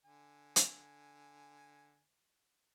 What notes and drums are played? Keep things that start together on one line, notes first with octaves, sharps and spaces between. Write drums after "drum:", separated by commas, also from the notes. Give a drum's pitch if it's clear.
D3 G#5
drum: hi-hat